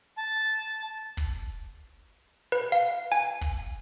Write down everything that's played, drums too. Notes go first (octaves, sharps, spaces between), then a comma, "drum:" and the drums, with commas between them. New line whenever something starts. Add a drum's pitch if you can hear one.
A5, drum: hi-hat
drum: kick, hi-hat
B4
F5
G#5
drum: kick
drum: hi-hat